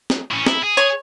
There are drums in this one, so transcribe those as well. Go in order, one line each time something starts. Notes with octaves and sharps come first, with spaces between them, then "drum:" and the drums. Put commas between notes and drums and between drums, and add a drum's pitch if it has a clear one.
drum: snare
A2 C#4
E4, drum: snare
G#4
C#5